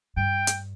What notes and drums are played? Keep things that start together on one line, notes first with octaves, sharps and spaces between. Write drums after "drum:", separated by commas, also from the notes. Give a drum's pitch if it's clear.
G2 G5
drum: hi-hat